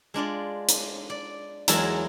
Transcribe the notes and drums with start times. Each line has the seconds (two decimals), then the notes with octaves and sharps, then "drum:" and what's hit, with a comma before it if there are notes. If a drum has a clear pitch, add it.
0.14 G#3 D4 F4 D5
0.69 drum: hi-hat
1.10 D5
1.68 E2 F#3 G#3 E4 A#4 A5, drum: hi-hat